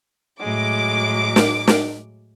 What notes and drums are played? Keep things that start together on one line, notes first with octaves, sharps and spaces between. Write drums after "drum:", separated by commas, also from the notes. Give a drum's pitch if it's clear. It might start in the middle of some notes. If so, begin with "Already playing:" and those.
A2 F#3 G#3 D6
drum: snare
drum: snare